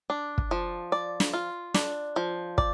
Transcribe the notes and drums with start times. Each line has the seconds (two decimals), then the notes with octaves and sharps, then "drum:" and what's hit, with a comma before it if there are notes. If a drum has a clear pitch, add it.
0.10 D4
0.38 drum: kick
0.51 F3
0.92 D5
1.20 drum: snare
1.33 F4
1.74 D4, drum: snare
2.16 F3
2.58 D5, drum: kick